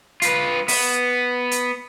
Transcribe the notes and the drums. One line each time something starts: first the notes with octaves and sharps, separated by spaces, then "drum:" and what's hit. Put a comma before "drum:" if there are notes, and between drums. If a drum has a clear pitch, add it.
F4 B4, drum: hi-hat
B3, drum: open hi-hat
drum: hi-hat